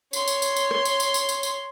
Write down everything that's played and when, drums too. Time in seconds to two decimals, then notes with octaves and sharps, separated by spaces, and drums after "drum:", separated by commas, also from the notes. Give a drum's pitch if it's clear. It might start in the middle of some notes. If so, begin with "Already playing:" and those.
0.13 C#5 C6, drum: tambourine
0.28 drum: tambourine
0.42 drum: tambourine
0.56 drum: tambourine
0.71 drum: rim click
0.85 drum: tambourine
1.00 drum: tambourine
1.14 drum: tambourine
1.29 drum: tambourine
1.43 drum: tambourine